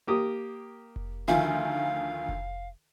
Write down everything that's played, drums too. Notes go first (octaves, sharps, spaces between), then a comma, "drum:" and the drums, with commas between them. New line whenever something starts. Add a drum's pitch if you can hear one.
A#3 G4 D#6
drum: kick F1
D2 D#3 F3 F4 E5 F5 G#5
drum: kick F1